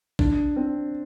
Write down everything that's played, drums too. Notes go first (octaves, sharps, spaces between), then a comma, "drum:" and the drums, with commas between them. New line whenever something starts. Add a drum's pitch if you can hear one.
D4, drum: kick A#1
C4